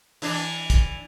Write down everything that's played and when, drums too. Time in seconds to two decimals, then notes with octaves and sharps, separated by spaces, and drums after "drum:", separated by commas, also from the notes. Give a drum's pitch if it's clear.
0.22 E3 D4, drum: open hi-hat
0.70 drum: kick, hi-hat